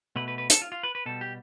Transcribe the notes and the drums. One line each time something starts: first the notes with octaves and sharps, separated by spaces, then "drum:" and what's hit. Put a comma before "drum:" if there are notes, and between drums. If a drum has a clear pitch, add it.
B2 A3 B4
B4
B4
A4, drum: hi-hat
F4
F4
B4
B4
B2 G3 A4
G4